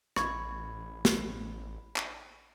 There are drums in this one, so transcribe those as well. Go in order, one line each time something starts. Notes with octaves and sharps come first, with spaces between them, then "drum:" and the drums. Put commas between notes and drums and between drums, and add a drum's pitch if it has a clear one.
A1 B5 C#6 G#6, drum: rim click
drum: snare
drum: clap